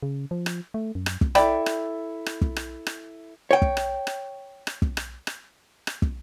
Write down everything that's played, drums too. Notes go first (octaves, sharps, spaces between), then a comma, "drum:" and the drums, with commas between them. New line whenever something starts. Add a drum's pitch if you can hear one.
C#3
F3
drum: rim click
A3
F#2
drum: rim click
drum: kick
E4 A4 D5 E5 G5 B5, drum: rim click
drum: rim click
drum: rim click
drum: kick
drum: rim click
drum: rim click
C#5 G5
drum: kick
drum: rim click
drum: rim click
drum: rim click
drum: kick
drum: rim click
drum: rim click
drum: rim click
drum: kick